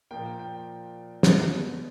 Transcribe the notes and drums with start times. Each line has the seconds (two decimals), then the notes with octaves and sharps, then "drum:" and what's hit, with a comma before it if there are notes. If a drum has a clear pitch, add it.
0.11 A#2 F3 A#3 G5
0.39 G5
1.23 B2 G#3 B3, drum: snare